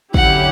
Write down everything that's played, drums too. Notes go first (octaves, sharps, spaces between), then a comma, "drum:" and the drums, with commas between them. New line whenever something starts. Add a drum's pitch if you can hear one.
D3 F#3 C#4 E4 G4 F#5, drum: kick